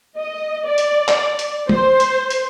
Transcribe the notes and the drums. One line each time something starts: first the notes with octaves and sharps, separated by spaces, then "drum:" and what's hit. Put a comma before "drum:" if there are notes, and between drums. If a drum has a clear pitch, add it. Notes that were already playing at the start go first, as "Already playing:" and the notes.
D#5
D5
drum: hi-hat
drum: clap
drum: hi-hat
C5, drum: tom
drum: hi-hat
drum: hi-hat